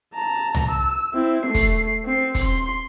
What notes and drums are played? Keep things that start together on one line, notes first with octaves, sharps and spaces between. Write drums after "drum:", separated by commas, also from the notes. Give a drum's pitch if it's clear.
A5 A#5
drum: tom
E6
C4 E4
A3 C7
drum: kick, hi-hat
C4 C7
drum: kick, hi-hat
C6